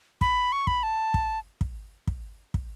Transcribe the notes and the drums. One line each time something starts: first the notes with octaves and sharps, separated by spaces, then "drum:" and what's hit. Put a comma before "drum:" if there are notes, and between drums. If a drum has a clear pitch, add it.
B5, drum: kick
C#6
B5, drum: kick
A5
drum: kick
drum: kick
drum: kick
drum: kick